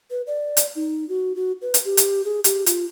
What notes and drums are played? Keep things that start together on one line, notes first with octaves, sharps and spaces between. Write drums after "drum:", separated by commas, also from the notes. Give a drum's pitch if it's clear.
B4
D5
drum: hi-hat
D#4
F#4
F#4
B4
drum: hi-hat
G4
drum: hi-hat
G#4
G4, drum: hi-hat
F4, drum: hi-hat